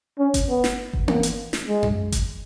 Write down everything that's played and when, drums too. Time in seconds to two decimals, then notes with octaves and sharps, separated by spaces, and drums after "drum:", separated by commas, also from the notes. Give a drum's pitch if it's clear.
0.19 C#4
0.34 drum: kick G1, hi-hat
0.49 B3
0.64 drum: snare
0.93 drum: kick G1
1.08 A#3, drum: tom B3
1.23 drum: hi-hat
1.53 drum: snare
1.68 G#3
1.83 drum: tom F#2
2.12 drum: kick G1, hi-hat